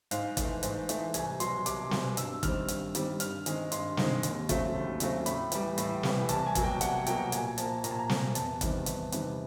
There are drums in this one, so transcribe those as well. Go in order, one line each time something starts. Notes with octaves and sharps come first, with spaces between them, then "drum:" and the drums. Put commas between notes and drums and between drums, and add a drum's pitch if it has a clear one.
G#2 F5, drum: hi-hat
E3 A3, drum: kick, hi-hat
G#2, drum: hi-hat
E3 A3, drum: hi-hat
C2 G#5, drum: hi-hat
B2 F#3 C6, drum: hi-hat
C2 D6, drum: hi-hat
B2 F#3, drum: snare
G2 E6, drum: hi-hat
D#3 G3 C4 F6, drum: kick, hi-hat
G2, drum: hi-hat
D#3 G3 C4, drum: hi-hat
G2 F6, drum: hi-hat
D#3 G#3 C4, drum: hi-hat
G2 C6, drum: hi-hat
D#3 G#3 C4, drum: snare
D#2, drum: hi-hat
C#3 F#3 A3 C4, drum: kick, hi-hat
D#2
C#3 F#3 A3 C4, drum: hi-hat
A2 B5, drum: hi-hat
E3 G3, drum: hi-hat
A2, drum: hi-hat
E3 G3, drum: snare
C2 A5, drum: hi-hat
G#5
B2 F#3 A#3, drum: kick, hi-hat
G5
C2 F#5, drum: hi-hat
B2 F#3 A#3 G5, drum: hi-hat
A#2 G#5, drum: hi-hat
F3 A#3 A5, drum: hi-hat
A#2 A#5, drum: hi-hat
A5
A#5
F3 A#3, drum: snare
E2 A5, drum: hi-hat
C3 D#3 G3 B3, drum: kick, hi-hat
E2, drum: hi-hat
C3 D#3 G3 B3, drum: hi-hat